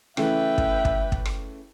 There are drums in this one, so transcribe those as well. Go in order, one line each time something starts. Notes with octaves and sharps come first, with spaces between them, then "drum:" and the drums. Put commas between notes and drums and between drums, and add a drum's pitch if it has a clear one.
C#3 E3 A3 B4 E5 G5, drum: rim click
drum: kick
drum: kick
drum: kick
drum: rim click